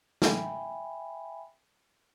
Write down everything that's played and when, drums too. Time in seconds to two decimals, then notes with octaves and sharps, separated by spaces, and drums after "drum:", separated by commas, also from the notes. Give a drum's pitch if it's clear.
0.22 E5 G5 G#5 B5, drum: snare